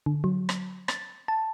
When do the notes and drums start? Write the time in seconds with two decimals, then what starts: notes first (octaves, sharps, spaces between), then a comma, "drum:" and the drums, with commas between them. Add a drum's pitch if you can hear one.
0.06 D3
0.24 F#3
0.49 drum: rim click
0.88 A6, drum: rim click
1.28 A5